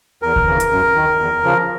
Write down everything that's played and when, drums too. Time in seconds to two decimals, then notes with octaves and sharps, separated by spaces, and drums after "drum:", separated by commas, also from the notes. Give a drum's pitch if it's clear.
0.22 E2 A#4
0.36 drum: kick D2
0.47 C#3 E3
0.60 drum: hi-hat
0.71 F#2
0.95 D#3
1.20 E2
1.44 C#3 F3